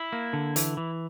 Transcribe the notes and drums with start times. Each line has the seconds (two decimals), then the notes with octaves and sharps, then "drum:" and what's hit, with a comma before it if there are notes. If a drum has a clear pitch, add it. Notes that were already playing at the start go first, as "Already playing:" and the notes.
Already playing: E4
0.13 A#3
0.33 D3
0.56 E3, drum: hi-hat
0.77 E3